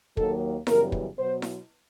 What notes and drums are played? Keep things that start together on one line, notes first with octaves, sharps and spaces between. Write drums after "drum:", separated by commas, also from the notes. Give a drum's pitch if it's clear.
D#2 D#3 F#3 A#3 A4, drum: kick
F#2 C#3 E3 G3 B3 A#4, drum: snare E4
drum: kick
B2 F#3 B3 C5
drum: snare E4